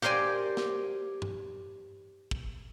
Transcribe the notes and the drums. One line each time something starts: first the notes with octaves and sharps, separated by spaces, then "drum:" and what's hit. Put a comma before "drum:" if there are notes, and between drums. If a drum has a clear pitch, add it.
G4 A#4 C5 D5 G#5, drum: snare
drum: snare
drum: tom G2
drum: kick